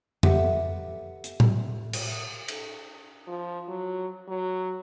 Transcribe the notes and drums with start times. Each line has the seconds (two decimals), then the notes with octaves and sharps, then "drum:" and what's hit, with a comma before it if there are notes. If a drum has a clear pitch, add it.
0.23 G4 A4 B4 E5 F#5, drum: tom F2
1.24 drum: hi-hat
1.40 drum: tom A2
1.93 drum: cymbal
2.48 drum: cymbal
3.27 F3
3.69 F#3
4.28 F#3